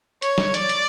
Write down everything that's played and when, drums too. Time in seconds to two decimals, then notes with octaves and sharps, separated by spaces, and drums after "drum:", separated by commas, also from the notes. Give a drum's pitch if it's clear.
0.22 C#5, drum: hi-hat
0.38 drum: snare
0.54 D5, drum: hi-hat
0.69 drum: hi-hat